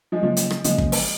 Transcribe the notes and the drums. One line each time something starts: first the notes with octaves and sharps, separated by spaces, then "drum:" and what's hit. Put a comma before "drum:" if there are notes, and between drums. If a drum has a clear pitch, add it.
F3 G#3
C#3 F3 F#3 G#3 A#3 C#4
drum: hi-hat
drum: rim click
C#3 F3 F#3 G#3 A#3 C#4, drum: hi-hat
drum: kick
drum: open hi-hat